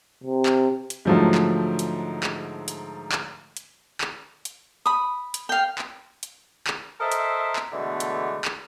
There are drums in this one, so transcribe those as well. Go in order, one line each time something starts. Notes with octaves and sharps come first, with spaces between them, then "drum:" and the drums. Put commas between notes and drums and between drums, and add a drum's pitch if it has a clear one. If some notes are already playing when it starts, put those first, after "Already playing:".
C3
drum: clap
drum: hi-hat
G#2 D3 F3 F#3 A3
drum: clap
drum: hi-hat
drum: clap
drum: hi-hat
drum: clap
drum: hi-hat
drum: clap
drum: hi-hat
B5 D#6
drum: hi-hat
F5 G5
drum: clap
drum: hi-hat
drum: clap
A4 A#4 C5 D#5 E5
drum: hi-hat
drum: clap
B2 D3 E3 G#3 A3 B3
drum: hi-hat
drum: clap